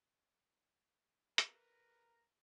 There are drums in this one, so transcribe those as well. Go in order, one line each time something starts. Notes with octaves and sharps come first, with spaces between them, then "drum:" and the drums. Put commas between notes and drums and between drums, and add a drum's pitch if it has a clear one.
A#4 B4 A#5, drum: hi-hat